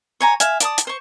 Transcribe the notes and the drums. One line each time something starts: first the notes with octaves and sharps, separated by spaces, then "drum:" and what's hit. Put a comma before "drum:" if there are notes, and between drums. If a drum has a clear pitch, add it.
C#5 G#5 A#5
E5 F5 G#5, drum: hi-hat
D5 A5 D#6, drum: hi-hat
drum: hi-hat
C5 C#6